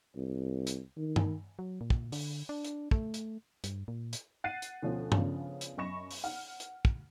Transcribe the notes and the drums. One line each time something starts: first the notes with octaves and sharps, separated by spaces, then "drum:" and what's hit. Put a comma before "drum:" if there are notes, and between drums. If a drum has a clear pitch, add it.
C2
drum: hi-hat
D#3
drum: tom G2
F#3
A#2
drum: kick
D3, drum: open hi-hat
D4
drum: hi-hat
A3, drum: kick
drum: hi-hat
G2, drum: hi-hat
A#2
drum: hi-hat
F#5 F#6 A6 C7 D#7
drum: hi-hat
D2 B2 F3 C#4
C#3 F3 B3 C#4 D4, drum: tom G2
drum: hi-hat
F#2 D#5 B5 C#6 A#6 E7
drum: open hi-hat
F#5 F6
drum: hi-hat
drum: kick